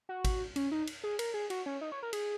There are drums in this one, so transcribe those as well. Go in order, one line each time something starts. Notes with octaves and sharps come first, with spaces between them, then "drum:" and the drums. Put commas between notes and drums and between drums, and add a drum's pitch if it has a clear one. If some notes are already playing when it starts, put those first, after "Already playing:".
F#4
drum: kick G#1, cymbal
C#4, drum: cymbal
D#4
drum: cymbal
G#4
A#4, drum: cymbal
G#4
F#4, drum: cymbal
C#4
D#4
C#5
A#4
G#4, drum: cymbal